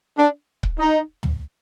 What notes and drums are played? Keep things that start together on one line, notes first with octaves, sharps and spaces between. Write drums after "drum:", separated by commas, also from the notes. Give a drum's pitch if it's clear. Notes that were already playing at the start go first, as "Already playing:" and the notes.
D4
drum: kick C#1
D#4
drum: tom